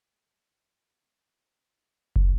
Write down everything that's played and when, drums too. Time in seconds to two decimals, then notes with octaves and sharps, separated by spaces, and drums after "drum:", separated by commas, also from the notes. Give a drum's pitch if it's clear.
0.17 G#2 B2 E5
0.49 D2 F#3 C#4 G4 B6
0.87 G#3 B3 F#4 G#4 F5
1.25 A2 C4 F4 C5
1.57 B2 D#4
2.16 drum: kick F#1